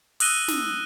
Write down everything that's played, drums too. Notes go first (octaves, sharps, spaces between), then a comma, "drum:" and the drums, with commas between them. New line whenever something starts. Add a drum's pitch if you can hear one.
D#6 E6 F#6 A#6 D#7 G7, drum: open hi-hat
drum: snare